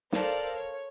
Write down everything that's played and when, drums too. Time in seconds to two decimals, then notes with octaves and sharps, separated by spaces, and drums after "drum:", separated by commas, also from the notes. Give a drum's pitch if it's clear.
0.12 A4 A#4 C5 D5 F5, drum: snare
0.56 C#5